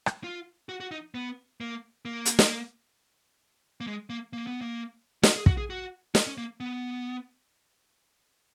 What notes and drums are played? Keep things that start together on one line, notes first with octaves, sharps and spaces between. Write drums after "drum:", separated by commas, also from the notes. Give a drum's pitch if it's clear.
drum: rim click
F4
F#4
F#4
D#4
B3
A#3
A#3
drum: hi-hat
drum: snare
A#3
G#3
A#3
A#3
B3
A#3
F#4, drum: snare
G#4
F#4, drum: kick
G#4
F#4
D#4, drum: snare
C#4
A#3
B3